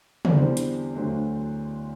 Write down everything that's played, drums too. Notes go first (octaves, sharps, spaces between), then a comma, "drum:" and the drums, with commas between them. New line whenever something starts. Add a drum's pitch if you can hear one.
D5, drum: tom
E2 D3 G3 C4 C5
drum: hi-hat
D2 D3 F#3 A3 D4 C5